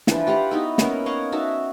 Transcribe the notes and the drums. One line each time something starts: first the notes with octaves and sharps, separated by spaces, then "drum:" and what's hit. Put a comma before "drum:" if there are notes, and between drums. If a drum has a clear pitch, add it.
E3 F3 D4 B4, drum: snare
F4 G4 F5 F#5
B3 D#4 E4 F#4
A#3 B3 C#4 A#4, drum: snare
C#5 D#5 F5 F#5
D#4 F#4 E5 A5